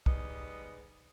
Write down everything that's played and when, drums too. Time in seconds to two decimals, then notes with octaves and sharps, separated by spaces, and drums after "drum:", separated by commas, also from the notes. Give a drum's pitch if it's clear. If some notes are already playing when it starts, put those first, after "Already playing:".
0.06 G#2 G3 B3 D#5, drum: kick